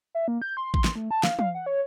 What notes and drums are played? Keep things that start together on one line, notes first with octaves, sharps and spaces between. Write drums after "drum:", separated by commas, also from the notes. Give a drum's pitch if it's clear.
E5
A#3
G6
C6
C6, drum: kick A1
drum: snare
A3
A5
F5, drum: snare
F5, drum: tom
F#5
C#5